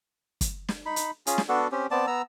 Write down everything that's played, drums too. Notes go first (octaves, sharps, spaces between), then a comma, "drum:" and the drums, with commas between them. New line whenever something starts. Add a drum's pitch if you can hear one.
drum: kick, hi-hat
drum: snare
D#4 B5
drum: hi-hat
C#4 F4 G#4, drum: hi-hat
drum: snare
B3 D4 F#4 A4
C4 C#4 G4
B3 C4 D5 A5
B3 A#5 E6